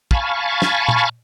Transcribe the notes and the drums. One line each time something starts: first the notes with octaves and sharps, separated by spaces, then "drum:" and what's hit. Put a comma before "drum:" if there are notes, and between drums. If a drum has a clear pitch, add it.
F5 G#5 A5 B5 C#6, drum: kick
drum: snare
drum: tom A#2